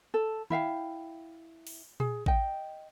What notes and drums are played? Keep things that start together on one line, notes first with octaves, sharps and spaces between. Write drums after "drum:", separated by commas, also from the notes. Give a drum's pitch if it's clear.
A4
E4 E5 F5 G5, drum: tom D#3
drum: open hi-hat
G#4, drum: tom A#2
D#5 G5, drum: kick A1